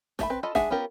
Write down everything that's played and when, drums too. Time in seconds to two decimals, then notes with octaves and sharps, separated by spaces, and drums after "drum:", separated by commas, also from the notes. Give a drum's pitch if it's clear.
0.19 A3 E5 B5, drum: snare
0.30 C4 B4
0.43 F4 A4 D#5 B5
0.55 G#3 D4 G#4 E5 F#5, drum: snare
0.70 B3 C#4 F4 G4 A#4